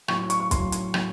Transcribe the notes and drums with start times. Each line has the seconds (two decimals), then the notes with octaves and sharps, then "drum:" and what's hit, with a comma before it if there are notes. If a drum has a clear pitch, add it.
0.08 A2 F#3 C#6, drum: rim click
0.19 C#6
0.30 C#6, drum: hi-hat
0.40 C#6
0.51 A2 F#3 C6, drum: kick, hi-hat
0.72 drum: hi-hat
0.94 A2 F#3, drum: rim click